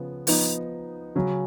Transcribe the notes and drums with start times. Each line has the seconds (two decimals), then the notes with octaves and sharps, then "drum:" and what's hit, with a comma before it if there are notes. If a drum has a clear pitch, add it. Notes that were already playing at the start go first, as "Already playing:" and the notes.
Already playing: C#3 F3 B3
0.27 F3 B3 D#4, drum: open hi-hat
1.16 C#3 F#3 C#4